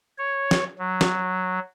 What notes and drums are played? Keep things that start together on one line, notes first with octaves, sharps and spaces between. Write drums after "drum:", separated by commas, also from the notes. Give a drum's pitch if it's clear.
C#5
drum: snare
F#3
drum: snare